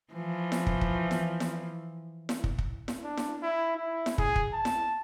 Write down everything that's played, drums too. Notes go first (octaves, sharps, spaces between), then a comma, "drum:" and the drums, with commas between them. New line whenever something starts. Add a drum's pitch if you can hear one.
E3 F3
drum: snare E4
drum: kick
drum: kick
drum: snare E4
drum: snare E4
drum: snare E4
drum: kick
drum: kick
drum: snare E4
D4
drum: snare E4
E4
E4
drum: snare E4
G#4, drum: kick
drum: kick
A5
drum: snare E4